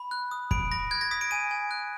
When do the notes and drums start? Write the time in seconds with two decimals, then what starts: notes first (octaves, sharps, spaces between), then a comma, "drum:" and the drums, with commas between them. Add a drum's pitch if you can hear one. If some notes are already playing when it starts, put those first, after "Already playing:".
Already playing: B5
0.11 F#6
0.31 D#6
0.51 B5 D7, drum: kick
0.71 B5 A#6
0.91 F#6 G#6
1.01 A#6
1.11 D#6 B6
1.21 D7
1.31 G#5 D#7
1.51 G#5
1.71 F#6